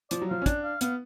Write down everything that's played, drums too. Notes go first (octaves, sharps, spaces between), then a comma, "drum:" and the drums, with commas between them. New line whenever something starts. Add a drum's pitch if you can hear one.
F3 D5, drum: hi-hat
F#3
F3 F5
C#4
D4 F#5, drum: kick, hi-hat
F5
B3 F5, drum: hi-hat